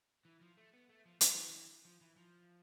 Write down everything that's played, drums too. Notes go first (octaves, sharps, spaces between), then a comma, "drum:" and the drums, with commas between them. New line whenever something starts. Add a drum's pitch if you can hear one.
E3
F3
A3
B3
A3
F3
E3, drum: hi-hat
F3
E3
F3